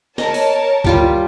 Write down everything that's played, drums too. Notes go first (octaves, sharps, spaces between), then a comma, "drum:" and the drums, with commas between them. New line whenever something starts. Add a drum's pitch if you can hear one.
A#4 C#5 D#5 A5, drum: snare B3
drum: open hi-hat
G3 F4 G4, drum: kick